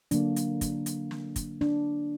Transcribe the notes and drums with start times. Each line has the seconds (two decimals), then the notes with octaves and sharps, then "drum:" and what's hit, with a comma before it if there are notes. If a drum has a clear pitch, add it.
0.11 D3 F#3 A#3 D4, drum: hi-hat
0.36 drum: hi-hat
0.61 drum: kick, hi-hat
0.86 drum: hi-hat
1.11 drum: snare
1.36 drum: kick, hi-hat
1.61 D4, drum: snare